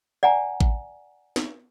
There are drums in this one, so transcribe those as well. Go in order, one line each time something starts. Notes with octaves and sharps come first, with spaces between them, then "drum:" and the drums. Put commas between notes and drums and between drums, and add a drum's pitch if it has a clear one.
D5 F#5 G#5 A#5
drum: kick A1
drum: snare